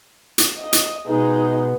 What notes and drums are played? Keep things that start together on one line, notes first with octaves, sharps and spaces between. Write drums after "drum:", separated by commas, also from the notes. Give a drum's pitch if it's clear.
drum: hi-hat
D#5
drum: hi-hat
B2 G#3 B3 D#4